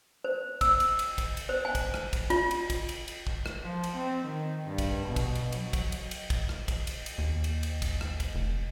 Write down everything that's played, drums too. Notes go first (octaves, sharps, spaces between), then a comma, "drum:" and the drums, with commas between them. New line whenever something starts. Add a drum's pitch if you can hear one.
C5
E6, drum: kick, cymbal
drum: cymbal
drum: cymbal
drum: kick, cymbal
drum: cymbal
C5
G#5
drum: kick, cymbal
drum: rim click
drum: kick, cymbal
F4, drum: cymbal
drum: cymbal
drum: kick, cymbal
drum: cymbal
drum: cymbal
drum: kick
drum: rim click
F3
drum: cymbal
C4
D#3
G2
drum: kick, cymbal
B2
drum: kick, cymbal
drum: cymbal
F#3, drum: cymbal
drum: kick, cymbal
drum: cymbal
drum: cymbal
drum: kick, cymbal
drum: rim click
drum: kick, cymbal
drum: cymbal
drum: cymbal
D#2
drum: cymbal
drum: cymbal
drum: kick, cymbal
drum: rim click
drum: kick, cymbal
F1